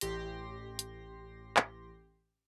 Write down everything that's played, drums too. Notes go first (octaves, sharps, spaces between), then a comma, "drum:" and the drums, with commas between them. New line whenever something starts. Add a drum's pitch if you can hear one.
A1 G4 C6 A#6, drum: hi-hat
drum: hi-hat
drum: clap